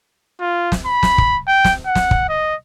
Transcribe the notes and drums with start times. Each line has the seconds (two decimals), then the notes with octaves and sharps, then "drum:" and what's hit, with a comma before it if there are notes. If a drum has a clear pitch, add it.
0.41 F4
0.72 drum: snare
0.86 B5
1.03 drum: snare
1.18 drum: kick
1.48 G5
1.65 drum: snare
1.86 F#5
1.95 drum: snare
2.11 drum: kick
2.29 D#5